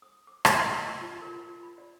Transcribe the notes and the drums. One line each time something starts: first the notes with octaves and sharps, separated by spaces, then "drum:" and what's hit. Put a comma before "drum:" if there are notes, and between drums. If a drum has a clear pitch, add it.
D#6
D6
D#5, drum: rim click
A#4
E6
F4
A#4
F4
B5
D5